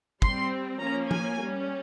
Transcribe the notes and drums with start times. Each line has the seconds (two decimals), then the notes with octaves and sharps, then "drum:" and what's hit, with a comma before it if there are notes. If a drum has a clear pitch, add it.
0.22 G3 C4 C6, drum: kick
0.81 F3 A#3 C#4 A#5
1.11 G#5, drum: tom F3
1.41 G3 C#4